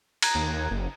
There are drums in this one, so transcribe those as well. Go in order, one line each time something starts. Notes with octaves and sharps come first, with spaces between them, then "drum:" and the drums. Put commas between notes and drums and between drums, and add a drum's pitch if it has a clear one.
A#5 F#6 G#6, drum: cymbal
D#2
F#1